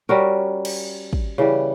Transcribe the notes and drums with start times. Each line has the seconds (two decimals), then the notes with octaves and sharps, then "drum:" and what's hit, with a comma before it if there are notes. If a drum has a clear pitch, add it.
0.09 G3 C#4 F#4 A#4
0.65 drum: cymbal
1.13 drum: kick
1.38 C#3 E3 G3